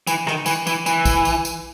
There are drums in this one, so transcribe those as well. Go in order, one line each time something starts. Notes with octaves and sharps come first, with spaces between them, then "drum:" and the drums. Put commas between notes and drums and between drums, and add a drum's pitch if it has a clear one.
E3, drum: tambourine
D#3, drum: rim click
E3, drum: tambourine
E3, drum: tambourine
E3, drum: tambourine
drum: kick, tambourine
drum: tambourine
drum: tambourine